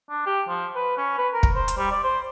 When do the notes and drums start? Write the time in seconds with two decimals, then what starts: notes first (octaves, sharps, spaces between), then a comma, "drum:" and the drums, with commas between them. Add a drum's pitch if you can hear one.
0.10 D4
0.26 G4
0.48 F3
0.75 B4
0.97 C#4
1.18 B4
1.33 A#4
1.43 drum: kick
1.55 C5
1.68 drum: hi-hat
1.77 G3
1.91 D5
2.03 C5